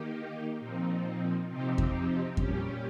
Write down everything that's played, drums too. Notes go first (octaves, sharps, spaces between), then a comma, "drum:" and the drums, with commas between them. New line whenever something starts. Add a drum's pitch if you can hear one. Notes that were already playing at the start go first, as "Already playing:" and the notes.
Already playing: D#3 A#3 D#4 G4
A#2 F3 C4 D#4
C3 F3 C4 D#4 G4
drum: kick F2
A#2 G3 C#4 G4, drum: kick F2